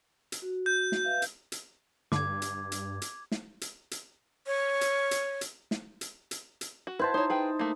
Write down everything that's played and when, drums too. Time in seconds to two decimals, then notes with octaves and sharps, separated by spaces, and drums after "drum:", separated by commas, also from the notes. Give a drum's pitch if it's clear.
0.32 drum: hi-hat
0.42 F#4
0.66 G6
0.92 drum: snare
1.05 B4 E5 F5
1.22 drum: hi-hat
1.52 drum: hi-hat
2.12 G2 D3 D6 G#6, drum: snare
2.42 drum: hi-hat
2.72 drum: hi-hat
3.02 drum: hi-hat
3.32 drum: snare
3.61 drum: hi-hat
3.91 drum: hi-hat
4.47 C#5
4.81 drum: hi-hat
5.11 drum: hi-hat
5.41 drum: hi-hat
5.71 drum: snare
6.01 drum: hi-hat
6.31 drum: hi-hat
6.61 drum: hi-hat
6.87 F#4
6.99 E4 B4 C5 A5
7.14 D#4 C5 C#5
7.30 G#4 B4 G5
7.59 A3 A#3